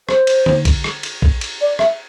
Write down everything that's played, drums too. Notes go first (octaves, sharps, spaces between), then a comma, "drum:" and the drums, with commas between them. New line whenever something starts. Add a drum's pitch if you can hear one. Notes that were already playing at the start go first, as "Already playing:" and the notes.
C5, drum: rim click
drum: cymbal
drum: tom D3
drum: kick A#1, cymbal
drum: rim click
drum: cymbal
drum: kick A#1
drum: cymbal
D5
E5, drum: rim click